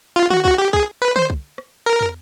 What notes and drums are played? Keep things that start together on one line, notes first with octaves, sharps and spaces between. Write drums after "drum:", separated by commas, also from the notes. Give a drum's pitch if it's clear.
F4
F#4, drum: tom
F#4, drum: kick
G4
G#4, drum: kick
B4
C5, drum: tom
drum: kick
drum: rim click
A#4
drum: tom